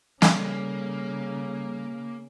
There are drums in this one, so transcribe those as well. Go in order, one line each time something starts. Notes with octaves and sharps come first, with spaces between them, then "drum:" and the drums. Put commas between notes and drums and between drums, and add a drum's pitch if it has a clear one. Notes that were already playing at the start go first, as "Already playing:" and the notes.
C#3 G3 A#3 A4, drum: snare